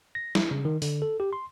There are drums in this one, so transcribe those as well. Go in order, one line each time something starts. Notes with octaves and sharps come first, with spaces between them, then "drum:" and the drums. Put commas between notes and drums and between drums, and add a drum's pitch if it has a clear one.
A#6
E4, drum: snare
C#3
D#3
D3, drum: open hi-hat
A4
G4
C6